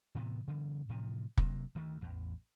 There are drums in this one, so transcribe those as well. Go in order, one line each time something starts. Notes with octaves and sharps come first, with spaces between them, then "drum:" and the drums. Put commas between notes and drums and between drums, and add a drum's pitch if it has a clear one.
A2 C3 E3 B3
C#3 E3 G3 B3
A2 C3 E3 F3
C3 F#3 A#3, drum: kick
D2 D#3 A3
A1 E2